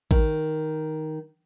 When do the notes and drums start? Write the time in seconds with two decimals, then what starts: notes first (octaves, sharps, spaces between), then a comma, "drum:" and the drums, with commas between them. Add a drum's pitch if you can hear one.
0.11 D#3, drum: kick A1